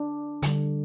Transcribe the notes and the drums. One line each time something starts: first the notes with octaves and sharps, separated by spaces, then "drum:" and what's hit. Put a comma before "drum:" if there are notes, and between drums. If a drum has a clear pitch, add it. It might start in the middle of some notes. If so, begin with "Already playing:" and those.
Already playing: D4
D3 G3, drum: hi-hat